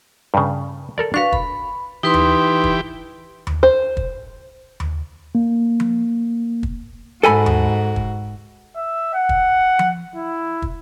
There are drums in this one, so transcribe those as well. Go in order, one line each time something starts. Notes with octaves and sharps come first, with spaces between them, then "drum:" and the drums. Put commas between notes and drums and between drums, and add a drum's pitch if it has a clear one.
G2 C#3
A4 A#4 D5
D4 F#4 B4 F5 C#6
B5, drum: kick
E3 D#4 G4 B4 C6
drum: tom D#2
drum: kick
drum: tom D#2
C5
drum: kick
drum: tom D#2
A#3
drum: tom F3
drum: kick
G#2 F#4 A4 G#5 B5
drum: tom D#2
drum: kick
E5
F#5
drum: kick
drum: tom F3
E4
drum: kick